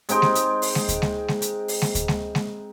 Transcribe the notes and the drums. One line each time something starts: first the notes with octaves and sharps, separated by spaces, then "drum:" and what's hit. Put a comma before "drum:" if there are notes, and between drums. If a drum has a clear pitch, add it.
G#3 C4 D#4 G5, drum: hi-hat
drum: snare G#3
drum: hi-hat
drum: open hi-hat
drum: snare G#3
drum: kick D2, hi-hat
drum: snare G#3
drum: snare G#3
drum: hi-hat
drum: open hi-hat
drum: snare G#3
drum: kick D2, hi-hat
drum: snare G#3
drum: snare G#3